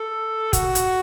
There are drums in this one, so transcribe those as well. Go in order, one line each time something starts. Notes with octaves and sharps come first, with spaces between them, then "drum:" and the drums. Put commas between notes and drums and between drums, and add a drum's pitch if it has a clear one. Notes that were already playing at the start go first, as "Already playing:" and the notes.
Already playing: A4
F#4, drum: kick, hi-hat
drum: hi-hat